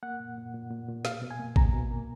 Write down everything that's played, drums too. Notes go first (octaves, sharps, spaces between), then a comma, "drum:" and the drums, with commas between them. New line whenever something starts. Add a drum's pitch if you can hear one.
A#3 F#5
A#2
A#2
A#2
A#2
A#2
B2 F5, drum: snare
B2
G#5
A#3
B2 A#5, drum: kick A1
B2
A#3